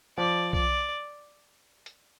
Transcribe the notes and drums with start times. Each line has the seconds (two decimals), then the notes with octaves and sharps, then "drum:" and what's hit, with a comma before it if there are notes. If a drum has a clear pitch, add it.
0.18 F3 D5
0.53 D5, drum: kick B1
1.86 drum: hi-hat